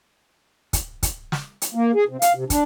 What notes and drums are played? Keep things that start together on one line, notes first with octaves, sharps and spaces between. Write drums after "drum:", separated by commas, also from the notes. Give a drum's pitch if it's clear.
drum: kick, hi-hat
drum: kick, hi-hat
drum: snare
drum: hi-hat
A#3
G#4
C3
F5, drum: hi-hat
C3
D4, drum: kick, hi-hat